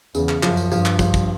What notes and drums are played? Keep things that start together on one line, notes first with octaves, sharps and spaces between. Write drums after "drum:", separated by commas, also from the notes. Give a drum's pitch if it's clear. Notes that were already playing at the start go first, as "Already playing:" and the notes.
E2 C#3, drum: tambourine
drum: clap
F#2 F3, drum: clap
drum: tambourine
G2 F3, drum: tambourine
drum: clap
F3, drum: kick, tambourine
drum: kick, tambourine